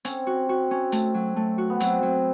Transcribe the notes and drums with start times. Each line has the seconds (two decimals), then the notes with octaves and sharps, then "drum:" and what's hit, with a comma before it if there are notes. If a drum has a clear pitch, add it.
0.05 C4 C#4, drum: hi-hat
0.27 F#4
0.49 F#4
0.71 C#4
0.92 A3, drum: hi-hat
1.14 F#3
1.36 A3
1.58 F#4
1.70 B3
1.80 F#3 C4, drum: hi-hat
2.02 F#3